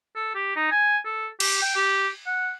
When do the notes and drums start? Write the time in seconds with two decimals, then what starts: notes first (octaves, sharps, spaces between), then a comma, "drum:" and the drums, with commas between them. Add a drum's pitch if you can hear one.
0.16 A4
0.35 G4
0.56 D#4
0.71 G#5
1.05 A4
1.40 G4, drum: cymbal
1.62 G5
1.76 G4
2.26 F#5